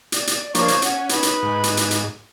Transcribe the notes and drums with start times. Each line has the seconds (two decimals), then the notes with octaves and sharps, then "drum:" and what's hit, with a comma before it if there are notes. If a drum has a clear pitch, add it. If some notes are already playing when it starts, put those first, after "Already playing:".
0.12 D5, drum: hi-hat
0.27 drum: hi-hat
0.55 F3 A#3 D4 C5 C#5 C#6, drum: hi-hat
0.68 drum: hi-hat
0.82 C#4 F#5, drum: hi-hat
1.09 D#4 B4 B5, drum: hi-hat
1.23 drum: hi-hat
1.42 G#2
1.64 drum: hi-hat
1.77 drum: hi-hat
1.91 drum: hi-hat